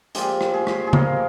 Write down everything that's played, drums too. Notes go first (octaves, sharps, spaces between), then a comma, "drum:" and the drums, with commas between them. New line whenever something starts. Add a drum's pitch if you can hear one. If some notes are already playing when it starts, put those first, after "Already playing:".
A#2 F3 G#3 G4, drum: hi-hat
drum: rim click
G#4
drum: rim click
G#4
A#2 F3 G#3 A#4, drum: tom C#3